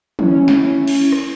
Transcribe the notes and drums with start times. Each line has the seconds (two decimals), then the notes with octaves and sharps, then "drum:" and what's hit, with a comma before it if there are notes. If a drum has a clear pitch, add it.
0.19 C#4 E4, drum: tom
0.48 drum: snare
0.88 drum: cymbal
1.12 drum: rim click